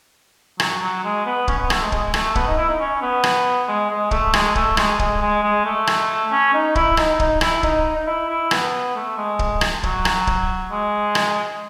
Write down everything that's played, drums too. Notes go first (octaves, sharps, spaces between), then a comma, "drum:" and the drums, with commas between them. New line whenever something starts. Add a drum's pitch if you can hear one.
F#3, drum: rim click
F#3
G#3
B3
C#4, drum: kick
B3
A3, drum: rim click
G#3
G#3, drum: kick
A3, drum: rim click
B3, drum: kick
D#4
E4
D#4
C#4
B3
drum: rim click
G#3
G#3
A3, drum: kick
G#3, drum: rim click
A3, drum: kick
G#3, drum: rim click
G#3, drum: kick
G#3
G#3
A3
drum: rim click
C#4
D#4
E4, drum: kick
D#4, drum: rim click
D#4, drum: kick
E4, drum: rim click
D#4, drum: kick
D#4
E4
E4
B3, drum: rim click
A3
G#3
drum: kick
drum: rim click
F#3, drum: kick
drum: rim click
drum: kick
G#3
drum: rim click